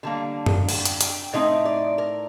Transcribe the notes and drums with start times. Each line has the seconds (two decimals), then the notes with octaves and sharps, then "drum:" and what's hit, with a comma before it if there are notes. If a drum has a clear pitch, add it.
0.03 D3 G3 A#3 A5
0.46 drum: tom F#2
0.69 G5, drum: cymbal
0.85 drum: hi-hat
1.01 G5, drum: hi-hat
1.33 A2 A3 C4 D#4 D#5
1.65 D5
1.98 A#4